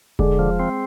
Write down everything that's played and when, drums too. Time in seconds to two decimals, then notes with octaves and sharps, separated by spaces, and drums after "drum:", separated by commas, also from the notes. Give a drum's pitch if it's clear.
0.19 D3 G#3, drum: kick E1
0.39 F3
0.60 C4